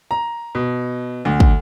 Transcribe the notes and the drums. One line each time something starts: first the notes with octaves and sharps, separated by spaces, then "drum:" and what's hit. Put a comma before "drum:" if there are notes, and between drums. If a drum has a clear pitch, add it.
A#5
B2
D2
drum: kick